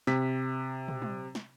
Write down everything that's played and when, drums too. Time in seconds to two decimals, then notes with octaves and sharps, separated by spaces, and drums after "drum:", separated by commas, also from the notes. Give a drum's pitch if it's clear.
0.07 C3 B6, drum: snare
0.88 drum: tom
1.02 drum: tom
1.35 drum: snare